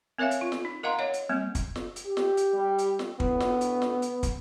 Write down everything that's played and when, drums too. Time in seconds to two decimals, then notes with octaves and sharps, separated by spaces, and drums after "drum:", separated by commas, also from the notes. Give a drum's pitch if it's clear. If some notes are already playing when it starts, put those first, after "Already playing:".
0.18 C4 A#4 C#5 E5 F5 G#5
0.31 drum: hi-hat
0.41 F4
0.52 drum: snare
0.65 D#4
0.83 A#4 D#5 F5 F#5 A#5 C6
0.99 C#5 D#5 F#5
1.14 drum: hi-hat
1.29 G3 A#3 C4
1.55 drum: kick, hi-hat
1.76 drum: snare
1.96 drum: hi-hat
2.06 G4
2.17 drum: snare
2.37 drum: hi-hat
2.54 G3
2.79 drum: hi-hat
2.99 drum: snare
3.20 D2 A2 B3, drum: kick
3.40 drum: snare
3.61 drum: hi-hat
3.82 drum: snare
4.02 drum: hi-hat
4.23 drum: kick, hi-hat